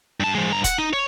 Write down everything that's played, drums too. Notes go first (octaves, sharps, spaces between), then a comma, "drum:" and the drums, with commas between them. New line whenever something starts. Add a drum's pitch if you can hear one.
G2 A5
F3 G#3
G2 A#5
F#5, drum: kick, hi-hat
D#4
C#5